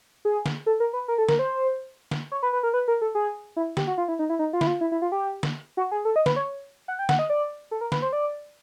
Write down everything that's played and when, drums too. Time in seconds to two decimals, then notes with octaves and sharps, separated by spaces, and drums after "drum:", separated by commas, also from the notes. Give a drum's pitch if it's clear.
0.25 G#4
0.46 drum: snare
0.66 A4
0.80 A#4
0.93 B4
1.08 A#4
1.18 A4
1.29 A#4, drum: snare
1.39 C5
2.11 drum: snare
2.32 C#5
2.43 B4
2.53 B4
2.63 A#4
2.74 B4
2.88 A#4
3.02 A4
3.15 G#4
3.57 E4
3.77 G4, drum: snare
3.87 F#4
3.98 F4
4.08 E4
4.19 D#4
4.30 E4
4.39 D#4
4.53 F4
4.61 E4, drum: snare
4.67 F4
4.81 E4
4.92 E4
5.02 F4
5.12 G4
5.43 drum: snare
5.77 F#4
5.91 G#4
6.05 A4
6.16 D#5
6.26 B4, drum: snare
6.36 C#5
6.88 F#5
6.99 G5
7.09 F#5, drum: snare
7.19 D#5
7.30 D5
7.71 A4
7.81 A#4
7.92 B4, drum: snare
8.02 C5
8.13 D5